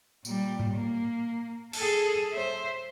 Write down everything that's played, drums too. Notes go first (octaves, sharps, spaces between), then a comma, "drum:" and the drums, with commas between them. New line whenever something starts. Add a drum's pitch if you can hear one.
A#2 G3, drum: tambourine
drum: tom G#2
A#3
G#4 A4, drum: cymbal
C5 E5